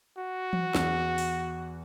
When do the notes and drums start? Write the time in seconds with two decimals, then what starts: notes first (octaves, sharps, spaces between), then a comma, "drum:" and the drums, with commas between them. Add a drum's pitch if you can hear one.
0.18 F#4
0.53 drum: tom E3
0.75 E2, drum: snare
1.18 drum: open hi-hat